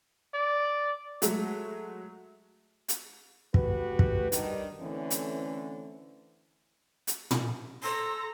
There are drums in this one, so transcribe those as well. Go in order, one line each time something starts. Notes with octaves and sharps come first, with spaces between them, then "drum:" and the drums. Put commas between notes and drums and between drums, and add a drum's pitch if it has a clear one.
D5
F#3 G#3 A3, drum: hi-hat
drum: hi-hat
A3 F#4 G4 B4, drum: kick
drum: kick
D#3 G3 D4, drum: hi-hat
D3 E3 A3 C4 C#4
drum: hi-hat
drum: hi-hat
drum: tom
A4 A#5 C6 E6 A#6